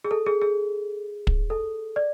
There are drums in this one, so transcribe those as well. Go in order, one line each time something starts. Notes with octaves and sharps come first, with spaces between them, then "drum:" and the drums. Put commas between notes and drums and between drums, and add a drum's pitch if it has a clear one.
G#4
A4
G#4
G#4
drum: kick
A4
D5